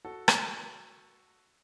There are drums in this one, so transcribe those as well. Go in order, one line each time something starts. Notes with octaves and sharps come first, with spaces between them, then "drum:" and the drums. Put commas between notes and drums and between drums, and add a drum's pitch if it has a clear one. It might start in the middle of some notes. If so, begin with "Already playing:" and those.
F#4 A4
drum: rim click